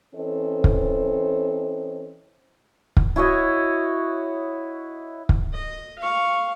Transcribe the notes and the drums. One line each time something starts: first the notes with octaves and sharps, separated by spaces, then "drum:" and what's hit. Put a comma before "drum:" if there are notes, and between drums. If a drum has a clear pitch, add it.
E3 C4 C#4 A4 C5 D#5
drum: kick
drum: kick
E4 F#4 C#5 D#5
drum: kick
D#5
F5 C#6